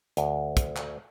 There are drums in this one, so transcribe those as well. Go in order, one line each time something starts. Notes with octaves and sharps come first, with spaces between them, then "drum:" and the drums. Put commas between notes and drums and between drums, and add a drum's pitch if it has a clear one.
D2, drum: hi-hat
drum: kick, hi-hat
drum: clap